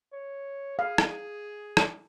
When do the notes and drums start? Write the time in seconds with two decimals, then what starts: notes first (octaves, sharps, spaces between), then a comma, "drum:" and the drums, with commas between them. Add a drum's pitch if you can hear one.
0.14 C#5
0.79 G#4 F5
0.98 drum: rim click
1.77 drum: rim click